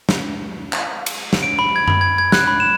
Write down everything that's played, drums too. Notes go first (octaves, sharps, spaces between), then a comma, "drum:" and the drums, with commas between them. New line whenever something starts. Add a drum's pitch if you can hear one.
drum: snare
drum: clap
drum: cymbal
drum: snare
D7
B5
G#6
B5, drum: tom F#2
G#6
G#6
F#6, drum: snare
B5
E7